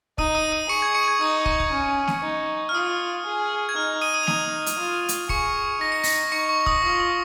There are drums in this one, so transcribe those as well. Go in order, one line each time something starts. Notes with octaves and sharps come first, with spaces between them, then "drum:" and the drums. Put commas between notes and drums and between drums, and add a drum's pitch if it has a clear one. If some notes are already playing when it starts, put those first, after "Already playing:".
D#4 D#6 D#7, drum: kick
D#6 D#7
D#6 D#7
G#4 C#6 C#7
G#6
C#6 C#7
G#6
D#4 D#6
C#6, drum: kick
drum: kick
C#4
drum: snare
D#4
F6
F4 D#6
G#4
G#6
D#4 F6
D#6 D#7
D#6 D#7
F7
D#4 D#6 D#7, drum: snare
drum: hi-hat
F4
drum: hi-hat
G#4 C#6 C#7, drum: kick
D#4 A#6
C#7
A#6, drum: open hi-hat
D#4 C#6 C#7
C#6
D#6, drum: kick
F4 C#6
D#6